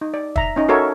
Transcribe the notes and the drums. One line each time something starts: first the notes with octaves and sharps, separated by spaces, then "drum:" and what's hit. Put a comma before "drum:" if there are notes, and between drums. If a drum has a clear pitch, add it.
D#4
D5
E5 A#5, drum: kick
C#4 D#4 D#5
F#4 A4 A#4 C#5 E5